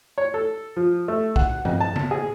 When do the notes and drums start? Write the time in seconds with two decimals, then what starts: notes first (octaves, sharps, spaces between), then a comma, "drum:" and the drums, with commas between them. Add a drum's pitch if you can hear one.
0.18 C#5
0.34 A4
0.76 F3
1.08 A3
1.36 F#5, drum: kick
1.65 F2, drum: tom G2
1.80 A5
1.96 drum: tom C#3
2.11 G#4